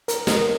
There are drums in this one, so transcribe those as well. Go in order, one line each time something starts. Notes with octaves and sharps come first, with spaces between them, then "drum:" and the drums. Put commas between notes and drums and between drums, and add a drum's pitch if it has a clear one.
A#4, drum: hi-hat
drum: snare